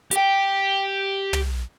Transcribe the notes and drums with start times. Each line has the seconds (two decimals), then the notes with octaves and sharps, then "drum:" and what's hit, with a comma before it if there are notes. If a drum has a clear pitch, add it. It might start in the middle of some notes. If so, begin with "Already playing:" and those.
0.11 G4 G5, drum: hi-hat
1.33 drum: tom